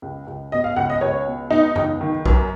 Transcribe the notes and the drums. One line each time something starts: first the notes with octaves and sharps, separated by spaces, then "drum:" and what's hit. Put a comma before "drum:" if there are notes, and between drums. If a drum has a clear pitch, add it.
C#2
C#2
B2 D#5
F5
C#2 F#5
D#5
C#2 C#5
B2
B2 D#4
C#2, drum: tom
D#3
F#2, drum: kick